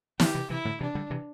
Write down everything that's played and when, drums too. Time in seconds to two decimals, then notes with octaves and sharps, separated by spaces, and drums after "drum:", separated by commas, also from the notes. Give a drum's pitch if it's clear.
0.20 D3 G3 G4, drum: snare
0.34 C3 E3
0.50 C3 E3 E4
0.65 A2 D3
0.81 C3 E3 D4
0.95 D3 G3
1.10 C3 E3